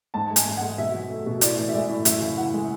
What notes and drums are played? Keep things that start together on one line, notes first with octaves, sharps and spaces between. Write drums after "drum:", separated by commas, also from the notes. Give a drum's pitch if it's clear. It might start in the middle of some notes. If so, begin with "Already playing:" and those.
G#2 A5
G#3
G#5, drum: hi-hat
G#2
G#3 F#5
B2 E5
F#3
A3
B2
A2 D5, drum: hi-hat
E3
E5
G#3 D5
A2
F#2 E5, drum: hi-hat
C#3
E3 F#5
G#3